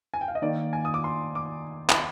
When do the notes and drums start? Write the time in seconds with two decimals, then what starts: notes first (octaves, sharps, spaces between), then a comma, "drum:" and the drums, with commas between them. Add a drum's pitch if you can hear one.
0.14 G#5
0.21 G5
0.28 F5
0.35 D#5
0.42 D#3 A#3 D5
0.73 G#5
0.85 D#6
0.94 D6
1.04 C6
1.35 D6
1.89 drum: clap